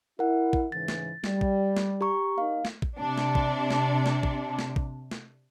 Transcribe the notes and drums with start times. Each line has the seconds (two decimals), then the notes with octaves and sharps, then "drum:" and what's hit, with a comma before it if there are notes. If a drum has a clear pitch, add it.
0.19 E4 A#4 F#5
0.53 drum: kick
0.72 G#2 C#3 E3 A6
0.88 drum: snare
1.24 G3, drum: snare
1.41 drum: kick
1.77 drum: snare
2.01 G4 A#5 C#6
2.38 A#3 D#4 F5
2.65 drum: snare
2.82 drum: kick
2.98 C3 D4
3.18 drum: snare
3.35 drum: kick
3.70 drum: snare
4.06 drum: snare
4.23 drum: kick
4.59 drum: snare
4.76 drum: kick
5.11 drum: snare